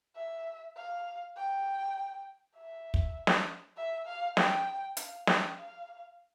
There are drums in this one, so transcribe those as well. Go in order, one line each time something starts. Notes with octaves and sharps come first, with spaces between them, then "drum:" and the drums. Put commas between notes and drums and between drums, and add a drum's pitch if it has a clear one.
E5
F5
G5
E5
drum: kick
drum: snare
E5
F5
G5, drum: snare
F5, drum: hi-hat
G5, drum: snare
F5